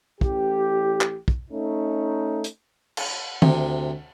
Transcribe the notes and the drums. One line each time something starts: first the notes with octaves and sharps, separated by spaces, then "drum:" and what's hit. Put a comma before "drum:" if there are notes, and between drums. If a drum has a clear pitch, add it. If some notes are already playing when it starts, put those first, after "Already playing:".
A1 G4, drum: kick
drum: clap
drum: kick
A3 C#4 D#4
drum: hi-hat
drum: cymbal
D2 C3, drum: tom D#3